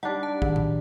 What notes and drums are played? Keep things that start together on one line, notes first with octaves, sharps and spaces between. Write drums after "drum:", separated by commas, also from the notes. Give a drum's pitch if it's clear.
G3 D4 D#4 F#5
A5
D#3, drum: kick
drum: tom A2